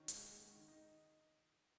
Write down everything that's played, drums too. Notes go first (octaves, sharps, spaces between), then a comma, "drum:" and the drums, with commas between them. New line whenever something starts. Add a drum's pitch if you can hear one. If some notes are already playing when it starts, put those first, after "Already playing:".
Already playing: D#3 C#4 F#4
G#3, drum: hi-hat
G#3
G#3
D#3
D#4